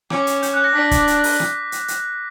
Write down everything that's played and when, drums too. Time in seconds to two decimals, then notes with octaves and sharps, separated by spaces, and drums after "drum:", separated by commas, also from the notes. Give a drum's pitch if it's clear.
0.10 C#4 D6, drum: rim click
0.27 drum: hi-hat
0.43 G6, drum: hi-hat
0.54 F#6
0.64 A#6
0.75 D4 B6
0.91 drum: kick, hi-hat
1.07 drum: hi-hat
1.24 drum: open hi-hat
1.40 drum: rim click
1.72 drum: hi-hat
1.88 drum: hi-hat